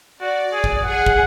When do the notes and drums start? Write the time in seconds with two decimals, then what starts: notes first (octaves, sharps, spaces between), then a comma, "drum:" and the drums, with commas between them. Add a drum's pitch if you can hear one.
0.21 F#4 D5
0.53 G#4
0.64 drum: kick
0.85 G#4 F#5
1.06 drum: kick